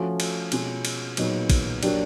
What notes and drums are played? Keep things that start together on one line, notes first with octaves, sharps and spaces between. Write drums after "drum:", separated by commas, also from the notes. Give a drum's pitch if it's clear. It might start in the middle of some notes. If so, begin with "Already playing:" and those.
Already playing: F3 A3 C#4 F#4
drum: cymbal
B2 G#3 C#4 F4, drum: cymbal
drum: cymbal
A#2 F#3 B3 D#4 G#4, drum: cymbal
drum: kick, cymbal
F#3 A#3 D4 G4, drum: cymbal